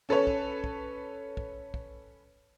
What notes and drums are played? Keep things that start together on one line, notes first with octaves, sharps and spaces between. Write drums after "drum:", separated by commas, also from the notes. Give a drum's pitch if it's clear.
C#4 A4 B4 C#5
drum: kick
drum: kick
drum: kick
drum: kick